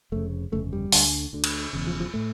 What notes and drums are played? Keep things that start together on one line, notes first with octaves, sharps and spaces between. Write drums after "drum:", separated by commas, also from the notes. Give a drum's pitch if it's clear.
F1 F2 C#3 A3
G1 F2 C#3 A3
G3
D2 D3, drum: open hi-hat
D2 D3
drum: cymbal
E1 E2 C#3
F3
F3
A2 A3